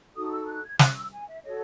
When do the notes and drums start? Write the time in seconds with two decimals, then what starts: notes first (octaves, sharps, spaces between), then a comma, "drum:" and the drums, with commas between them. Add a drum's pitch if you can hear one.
0.15 D#4 F#4 A4 D#6
0.32 E6
0.48 F#6
0.64 G#6
0.79 F#6, drum: snare
0.96 E6
1.12 G#5
1.28 E5
1.44 F#4 A4 C#5 D#5